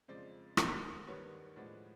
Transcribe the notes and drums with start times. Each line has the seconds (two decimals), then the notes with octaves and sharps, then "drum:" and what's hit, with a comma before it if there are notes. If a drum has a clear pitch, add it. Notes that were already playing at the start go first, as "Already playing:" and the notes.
0.08 F2 C#3 F3 G#3 C5 D5
0.57 D#2 D#3 G#3 B3, drum: rim click
1.07 G2 D#3 G3 B3 D4 B4 C#5
1.56 A2 F3 G#3 B3 D4